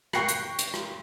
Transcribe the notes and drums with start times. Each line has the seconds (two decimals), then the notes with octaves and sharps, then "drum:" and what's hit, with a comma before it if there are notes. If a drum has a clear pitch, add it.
0.13 G5 C#6 F#6 A#6 C7 C#7, drum: rim click
0.28 drum: hi-hat
0.59 drum: hi-hat
0.74 drum: rim click